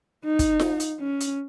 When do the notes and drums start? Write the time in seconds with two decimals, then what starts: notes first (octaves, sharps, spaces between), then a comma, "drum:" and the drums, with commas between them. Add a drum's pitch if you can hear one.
0.25 D#4
0.39 drum: kick, hi-hat
0.60 drum: snare F4
0.80 drum: hi-hat
1.00 C#4
1.21 drum: hi-hat